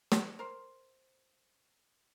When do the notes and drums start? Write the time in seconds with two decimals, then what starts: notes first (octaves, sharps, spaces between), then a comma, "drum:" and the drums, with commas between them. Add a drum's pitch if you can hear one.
0.12 drum: snare
0.39 A#4 C5